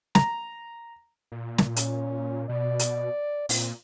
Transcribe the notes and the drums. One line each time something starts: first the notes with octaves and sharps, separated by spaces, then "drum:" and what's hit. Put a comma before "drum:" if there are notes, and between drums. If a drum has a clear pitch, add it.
A#5, drum: snare
A#2
drum: snare
C#4, drum: hi-hat
B2 D5
drum: hi-hat
A#2 C4, drum: open hi-hat